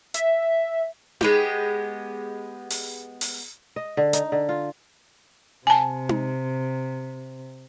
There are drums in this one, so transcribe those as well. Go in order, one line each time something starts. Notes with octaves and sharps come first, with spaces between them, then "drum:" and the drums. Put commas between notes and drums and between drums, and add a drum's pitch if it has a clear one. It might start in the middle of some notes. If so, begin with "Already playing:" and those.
E5, drum: hi-hat
G#3 B3 G4, drum: tom D#4
drum: open hi-hat
drum: open hi-hat
D#5
D3
D#4, drum: hi-hat
D3
F4
C3 G#5 A5
drum: tom D#4